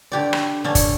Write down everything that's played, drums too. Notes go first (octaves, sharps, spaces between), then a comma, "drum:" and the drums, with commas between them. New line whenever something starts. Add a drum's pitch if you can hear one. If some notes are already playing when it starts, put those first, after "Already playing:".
D3 G4 D5
drum: rim click
D3 C#4 D4
drum: kick, hi-hat